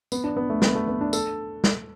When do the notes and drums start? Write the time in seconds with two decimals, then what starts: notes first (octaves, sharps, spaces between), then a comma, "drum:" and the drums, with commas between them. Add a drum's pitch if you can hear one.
0.12 B3, drum: tambourine
0.24 D4
0.37 B3
0.50 A3
0.62 B3, drum: snare
0.75 A3
0.88 B3
1.01 D4
1.13 A4, drum: tambourine
1.64 drum: snare